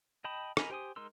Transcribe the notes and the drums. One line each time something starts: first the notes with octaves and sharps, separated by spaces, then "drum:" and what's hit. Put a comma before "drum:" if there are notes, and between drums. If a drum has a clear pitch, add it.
D#5 G5 A5 B5 D#6
A#4 D#5 G#5 A#5 B5, drum: rim click
G4 C5 G#5 D#6
G#3 D#4 A#4 C6 E6